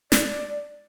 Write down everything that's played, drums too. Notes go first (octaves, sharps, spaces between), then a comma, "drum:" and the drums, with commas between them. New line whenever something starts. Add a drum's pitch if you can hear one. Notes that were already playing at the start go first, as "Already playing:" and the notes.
D5, drum: snare